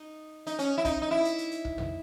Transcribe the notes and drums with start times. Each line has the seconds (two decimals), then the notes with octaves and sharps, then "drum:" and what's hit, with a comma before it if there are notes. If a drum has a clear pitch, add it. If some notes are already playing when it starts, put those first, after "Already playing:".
Already playing: D#4
0.47 D#4, drum: hi-hat
0.59 C#4, drum: hi-hat
0.78 E4
0.85 D#4, drum: kick, hi-hat
1.02 D#4
1.11 E4
1.25 drum: hi-hat
1.38 drum: hi-hat
1.51 drum: hi-hat
1.65 drum: kick
1.78 drum: tom